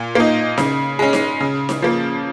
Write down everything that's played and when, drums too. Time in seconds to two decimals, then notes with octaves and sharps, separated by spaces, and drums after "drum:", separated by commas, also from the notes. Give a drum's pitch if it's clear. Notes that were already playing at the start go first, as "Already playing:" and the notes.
Already playing: A#2
0.15 A#3 D#4
0.58 C#3, drum: snare D#4
0.99 G#3 C#4
1.13 drum: snare D#4
1.40 C#3
1.69 drum: snare D#4
1.82 F3 A#3